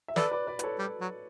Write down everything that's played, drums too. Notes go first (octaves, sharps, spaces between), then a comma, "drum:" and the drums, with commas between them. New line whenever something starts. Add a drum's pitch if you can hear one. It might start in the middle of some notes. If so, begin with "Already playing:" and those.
E5
A4 B4 D5, drum: snare
B4 D5
B4 D5
B4, drum: hi-hat
A4 C#5
G3
F#3